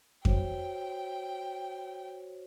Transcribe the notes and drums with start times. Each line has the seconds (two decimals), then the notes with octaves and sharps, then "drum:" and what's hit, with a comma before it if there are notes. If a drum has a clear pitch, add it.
0.25 F#4 C5 C#5 G5, drum: kick F2